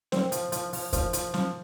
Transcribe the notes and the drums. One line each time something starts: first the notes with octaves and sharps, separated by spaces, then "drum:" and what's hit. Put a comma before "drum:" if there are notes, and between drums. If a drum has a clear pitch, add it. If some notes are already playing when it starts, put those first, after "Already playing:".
C4 C5, drum: snare
F3, drum: hi-hat
F3, drum: hi-hat
F3, drum: open hi-hat
F3 C5, drum: kick, hi-hat
F3, drum: hi-hat
F3, drum: snare